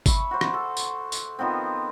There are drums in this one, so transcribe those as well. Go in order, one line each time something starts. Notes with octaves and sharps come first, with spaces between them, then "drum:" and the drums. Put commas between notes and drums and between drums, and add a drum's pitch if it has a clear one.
E5 B5 C#6, drum: kick G1, tambourine
F#4 C5
drum: rim click
A4
drum: tambourine
drum: tambourine
D#3 F3 B3 C4